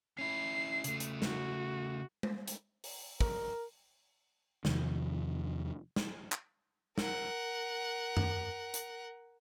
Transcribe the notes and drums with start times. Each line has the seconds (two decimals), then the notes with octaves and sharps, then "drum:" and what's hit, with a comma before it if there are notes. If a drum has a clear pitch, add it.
0.19 C#4 E4 C7
0.84 C#3 A3, drum: hi-hat
1.00 drum: hi-hat
1.22 F#4, drum: snare
2.23 drum: tom G#3
2.48 drum: hi-hat
2.84 drum: open hi-hat
3.21 A#4, drum: kick
4.65 E2 C3 D#3 F3, drum: snare
5.96 drum: snare
6.32 drum: clap
6.98 A#4 F#5, drum: snare
8.17 drum: tom F#2
8.74 drum: hi-hat